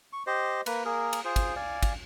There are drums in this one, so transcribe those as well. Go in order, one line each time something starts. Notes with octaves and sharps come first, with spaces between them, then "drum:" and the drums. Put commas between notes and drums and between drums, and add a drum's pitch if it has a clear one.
C#6
G4 C5 D#5
A#3 B4, drum: cymbal
A#3 G#4 A#4
drum: cymbal
F4 G#4 C5
drum: kick, cymbal
D5 F5 G#5
drum: kick, cymbal